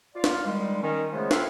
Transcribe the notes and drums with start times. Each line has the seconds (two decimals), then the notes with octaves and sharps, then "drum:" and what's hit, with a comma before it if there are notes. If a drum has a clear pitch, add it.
0.15 F4 D5 F5
0.24 drum: snare
0.45 D#3 G3 G#3
0.82 D#3 C#4
1.12 C#3 F3 G#3 A3 B3
1.31 C4 E4 F4 A4 B4 F5, drum: snare